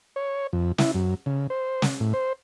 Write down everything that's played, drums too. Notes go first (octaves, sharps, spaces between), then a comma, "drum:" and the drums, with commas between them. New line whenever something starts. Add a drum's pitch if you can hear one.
C#5
F2
E4, drum: snare
F#2
C#3
C5
drum: snare
A2
C5